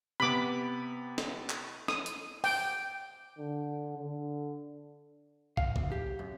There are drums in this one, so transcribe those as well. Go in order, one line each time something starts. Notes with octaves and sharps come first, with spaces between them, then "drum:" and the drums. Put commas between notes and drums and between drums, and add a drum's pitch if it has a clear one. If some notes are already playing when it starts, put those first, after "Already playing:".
C3 B3 B5 D6
drum: snare
drum: clap
D#6, drum: snare
drum: hi-hat
G5, drum: open hi-hat
D3
D3
F5, drum: kick
D2, drum: kick
G4
F#2